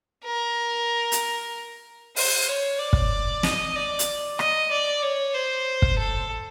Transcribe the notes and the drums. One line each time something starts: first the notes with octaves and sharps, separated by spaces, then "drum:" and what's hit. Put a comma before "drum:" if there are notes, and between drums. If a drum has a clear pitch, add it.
A#4
drum: hi-hat
C5, drum: open hi-hat
C#5
D5
drum: kick
D#5, drum: snare
D5
drum: hi-hat
D#5, drum: rim click
D5
C#5
C5
drum: kick
A4